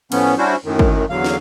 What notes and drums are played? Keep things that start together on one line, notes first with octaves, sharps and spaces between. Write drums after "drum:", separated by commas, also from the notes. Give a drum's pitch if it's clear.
A2 F3 B3 C#4, drum: cymbal
G3 C#4 D4 E4 F#4 C5
F#2 A2 D#3
drum: kick
E2 D3 F#3 F5
drum: snare